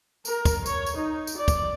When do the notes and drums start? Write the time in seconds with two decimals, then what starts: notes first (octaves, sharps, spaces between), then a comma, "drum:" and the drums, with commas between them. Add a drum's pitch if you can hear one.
0.25 A#4, drum: tambourine
0.45 drum: kick, tambourine
0.66 C#5, drum: tambourine
0.86 drum: tambourine
0.98 D#4
1.27 drum: tambourine
1.37 D5
1.48 drum: kick, tambourine